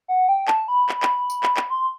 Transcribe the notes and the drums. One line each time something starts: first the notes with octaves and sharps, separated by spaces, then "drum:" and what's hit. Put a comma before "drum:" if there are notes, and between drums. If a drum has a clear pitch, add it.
F#5
G5
A5, drum: clap
B5
drum: clap
drum: clap
drum: tambourine
drum: clap
drum: clap
C6